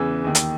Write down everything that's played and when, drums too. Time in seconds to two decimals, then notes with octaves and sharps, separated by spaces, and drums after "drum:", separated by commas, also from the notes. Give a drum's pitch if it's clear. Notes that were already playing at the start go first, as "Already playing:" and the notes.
Already playing: E2 C#3 E3 E6
0.25 D#2 D#3
0.35 drum: hi-hat